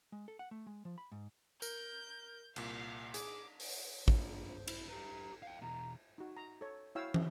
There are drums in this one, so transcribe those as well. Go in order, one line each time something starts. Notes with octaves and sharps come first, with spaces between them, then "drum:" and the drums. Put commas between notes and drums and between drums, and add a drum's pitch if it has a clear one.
G#3
A4
F#5
A3
G#3
F3
B5
G#2
A#4 G6, drum: tambourine
C2 A#2 F5, drum: cymbal
G#4 D6, drum: hi-hat
drum: open hi-hat
D4 F4, drum: kick
C5
E4, drum: cymbal
G4 B4 A#5
F5 G5
E2 B2 A#5
D#4 F#4
A#5
A4 C#5
E4 F#4 C#5 F5 G5 E6
C#4, drum: tom